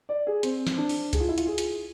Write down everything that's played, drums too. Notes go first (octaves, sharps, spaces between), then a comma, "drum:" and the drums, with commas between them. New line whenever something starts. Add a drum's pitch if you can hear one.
D5
G#4
C4, drum: hi-hat
drum: snare
D4
drum: open hi-hat
G#4, drum: kick C#2, hi-hat
F4
E4
F4, drum: hi-hat
G#4
drum: hi-hat